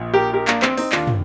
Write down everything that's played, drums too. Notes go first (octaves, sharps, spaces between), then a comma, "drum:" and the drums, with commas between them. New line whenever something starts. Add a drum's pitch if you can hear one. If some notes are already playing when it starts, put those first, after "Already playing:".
Already playing: A#1 A#2
G4 A#4
G4 A#4
A#3 D4, drum: clap
C4, drum: clap
C4 D#4, drum: open hi-hat
D#2 D#3 D4 F4, drum: clap
drum: tom